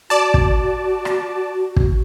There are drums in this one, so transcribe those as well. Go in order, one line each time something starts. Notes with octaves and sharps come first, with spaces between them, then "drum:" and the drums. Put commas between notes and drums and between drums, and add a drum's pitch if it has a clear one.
F#4 D5 A5
drum: kick
drum: rim click
drum: kick